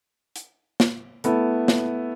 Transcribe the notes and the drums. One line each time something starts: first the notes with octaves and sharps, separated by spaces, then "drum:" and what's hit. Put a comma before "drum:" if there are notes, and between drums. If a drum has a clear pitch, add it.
drum: hi-hat
drum: snare
A3 B3 E4 A4, drum: hi-hat
drum: snare